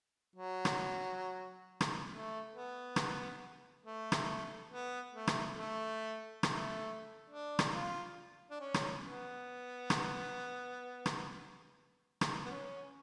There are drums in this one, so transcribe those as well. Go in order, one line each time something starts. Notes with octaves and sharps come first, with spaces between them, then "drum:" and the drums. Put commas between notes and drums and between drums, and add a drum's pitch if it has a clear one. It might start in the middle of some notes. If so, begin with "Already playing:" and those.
F#3
drum: rim click
drum: rim click
A3
B3
drum: rim click
A3
drum: rim click
B3
A3
drum: rim click
A3
A3, drum: rim click
D4
drum: rim click
F4
D4
C#4
drum: rim click
B3
drum: rim click
drum: rim click
drum: rim click
B3
C#4